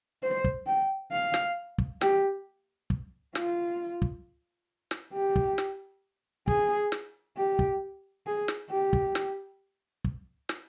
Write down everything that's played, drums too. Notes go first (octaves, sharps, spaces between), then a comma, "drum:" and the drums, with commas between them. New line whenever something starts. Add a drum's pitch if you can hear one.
C5
drum: kick
G5
F5
drum: snare
drum: kick
G4, drum: snare
drum: kick
F4, drum: snare
drum: kick
drum: snare
G4
drum: kick
drum: snare
G#4, drum: kick
drum: snare
G4
drum: kick
G#4
drum: snare
G4
drum: kick
drum: snare
drum: kick
drum: snare